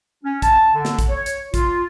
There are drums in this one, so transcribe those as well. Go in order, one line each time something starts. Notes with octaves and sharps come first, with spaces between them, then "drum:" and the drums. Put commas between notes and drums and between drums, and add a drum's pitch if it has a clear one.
C#4
A5, drum: kick, hi-hat
D3
drum: snare
drum: kick, hi-hat
C#5
drum: hi-hat
F4, drum: kick, hi-hat